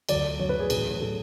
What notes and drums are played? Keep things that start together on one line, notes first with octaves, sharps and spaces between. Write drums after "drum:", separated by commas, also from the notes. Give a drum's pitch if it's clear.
D2 D3 F#3 D5, drum: cymbal
D2 D3 F#3 C#5
B4
G#4
A1 A2 F#3 G#4, drum: cymbal
A2 F#3 A4